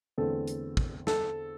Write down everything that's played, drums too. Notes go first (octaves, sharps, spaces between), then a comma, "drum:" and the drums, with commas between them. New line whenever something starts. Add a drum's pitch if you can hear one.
E2 D3 A3 C4 A4
drum: hi-hat
drum: kick
A4, drum: snare